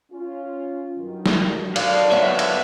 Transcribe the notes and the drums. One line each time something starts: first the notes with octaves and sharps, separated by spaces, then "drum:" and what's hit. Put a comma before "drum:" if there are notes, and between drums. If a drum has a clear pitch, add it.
C#4 F4
G2 D#3 F#3
drum: snare
D4 F5, drum: cymbal
G3 B3 C#5 E5
drum: cymbal